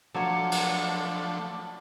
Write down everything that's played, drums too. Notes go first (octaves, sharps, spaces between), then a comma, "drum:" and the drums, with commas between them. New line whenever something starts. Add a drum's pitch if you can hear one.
F3 F#3 A3 D4 C#5
drum: cymbal